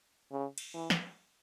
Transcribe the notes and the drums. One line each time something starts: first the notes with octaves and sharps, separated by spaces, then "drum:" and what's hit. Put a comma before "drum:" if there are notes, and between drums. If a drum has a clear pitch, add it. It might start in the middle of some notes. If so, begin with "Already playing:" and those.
C#3
drum: cymbal
E3
drum: snare